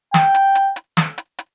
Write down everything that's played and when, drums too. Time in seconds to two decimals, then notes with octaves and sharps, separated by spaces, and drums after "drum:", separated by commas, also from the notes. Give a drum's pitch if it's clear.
0.14 G5, drum: snare
0.34 drum: hi-hat
0.55 drum: hi-hat
0.76 drum: hi-hat
0.97 drum: snare
1.18 drum: hi-hat
1.39 drum: hi-hat